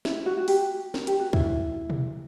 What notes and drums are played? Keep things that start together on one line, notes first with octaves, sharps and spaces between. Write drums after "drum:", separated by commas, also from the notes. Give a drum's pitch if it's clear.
E4, drum: snare
E4
F#4
F#4
G4, drum: open hi-hat
A#4, drum: snare
G4, drum: hi-hat
F#4
E4, drum: kick C#2
drum: tom B2